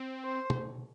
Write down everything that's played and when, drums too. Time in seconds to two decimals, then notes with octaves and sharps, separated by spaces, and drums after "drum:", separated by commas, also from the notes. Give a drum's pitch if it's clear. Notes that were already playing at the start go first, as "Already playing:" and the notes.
Already playing: C4
0.24 C5
0.50 drum: tom